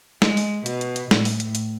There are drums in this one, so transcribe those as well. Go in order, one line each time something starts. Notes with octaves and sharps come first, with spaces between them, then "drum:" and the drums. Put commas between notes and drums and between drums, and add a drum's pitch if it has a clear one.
G#3, drum: snare
drum: open hi-hat
B2, drum: hi-hat
drum: hi-hat
drum: hi-hat
A2, drum: snare
drum: open hi-hat
drum: hi-hat
drum: hi-hat